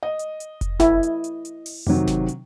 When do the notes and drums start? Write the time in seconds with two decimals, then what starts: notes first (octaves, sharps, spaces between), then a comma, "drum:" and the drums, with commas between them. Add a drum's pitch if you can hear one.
0.03 D#5
0.19 drum: hi-hat
0.40 drum: hi-hat
0.61 drum: kick F1, hi-hat
0.80 E4, drum: snare G1
1.03 drum: hi-hat
1.24 drum: hi-hat
1.45 drum: hi-hat
1.66 drum: open hi-hat
1.87 C3 D#3 F#3, drum: tom F2
2.07 drum: snare G1
2.28 drum: hi-hat